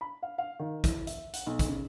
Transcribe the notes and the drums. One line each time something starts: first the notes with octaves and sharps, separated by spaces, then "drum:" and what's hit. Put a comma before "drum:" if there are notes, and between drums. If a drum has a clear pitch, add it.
B5
F5
F5
D#3
E4, drum: kick, hi-hat
E5, drum: hi-hat
F#5, drum: hi-hat
B1
drum: kick, hi-hat
C#3